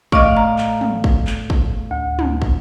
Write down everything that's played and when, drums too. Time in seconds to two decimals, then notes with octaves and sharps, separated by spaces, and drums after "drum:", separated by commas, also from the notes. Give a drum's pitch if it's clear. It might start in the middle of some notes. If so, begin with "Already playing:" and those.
0.12 A2 D5 D#5 F5 C#6, drum: kick
0.37 A#5
0.58 drum: clap
0.81 drum: tom
1.04 drum: kick
1.27 drum: clap
1.50 drum: kick
1.91 D2
2.19 drum: tom
2.42 drum: kick